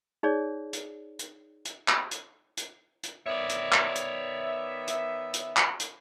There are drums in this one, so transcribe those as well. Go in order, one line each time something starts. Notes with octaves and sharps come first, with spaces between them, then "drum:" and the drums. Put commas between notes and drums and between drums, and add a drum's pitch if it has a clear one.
D#4 G#4 C#5 D5
drum: hi-hat
drum: hi-hat
drum: hi-hat
drum: clap
drum: hi-hat
drum: hi-hat
drum: hi-hat
D#3 B3 C#5 D5 E5
drum: hi-hat
drum: clap
drum: hi-hat
drum: hi-hat
drum: hi-hat
drum: clap
drum: hi-hat